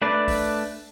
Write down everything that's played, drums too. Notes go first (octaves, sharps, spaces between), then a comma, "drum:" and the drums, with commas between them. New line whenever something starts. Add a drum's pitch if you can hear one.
A3 D4 B4 D5
drum: kick, open hi-hat